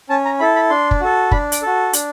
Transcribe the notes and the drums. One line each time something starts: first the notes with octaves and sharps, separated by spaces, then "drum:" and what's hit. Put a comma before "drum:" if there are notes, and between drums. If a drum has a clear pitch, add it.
C#4 A5
A#5
E4 A4 B5
B5
D4 C6
drum: kick
F#4 A4
D4 B5, drum: kick
D6, drum: hi-hat
F#4 A4
D4, drum: hi-hat